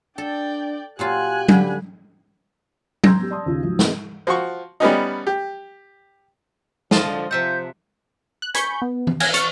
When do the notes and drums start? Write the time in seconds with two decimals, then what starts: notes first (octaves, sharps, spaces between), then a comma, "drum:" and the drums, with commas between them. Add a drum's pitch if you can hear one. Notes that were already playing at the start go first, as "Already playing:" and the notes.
0.18 D4 A4 D5 G5
0.99 A#2 F#3 F4 G4 G#5 F#6
1.48 D3 G3 B4 G5, drum: tom F#3
3.04 A#5 C6 E6 G6 G#6 A#6, drum: tom F#3
3.19 B3 G4
3.30 D5 A5 C6 D#6
3.46 D#2 C#3 F4
3.63 G#2 F3 F#3
3.79 A3 A#3 C4 G#4 B4 D#5, drum: snare
4.27 F3 F#4 C#6
4.80 G3 B3 C#4 D#4
5.27 G4
6.91 D3 F3 F4 D#5 A5, drum: snare
7.31 C3 F3 E5 F#5 G6
8.42 F#6
8.54 G#5 B5 C#6 G6, drum: hi-hat
8.82 B3
9.07 drum: tom E3
9.20 F5 G#5 G#6 A#6, drum: cymbal
9.34 C#6 F6 A6, drum: hi-hat